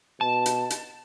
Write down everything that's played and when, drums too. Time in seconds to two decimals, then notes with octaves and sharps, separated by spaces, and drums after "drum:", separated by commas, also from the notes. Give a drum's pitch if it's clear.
0.21 B2 A5
0.46 drum: hi-hat
0.70 drum: hi-hat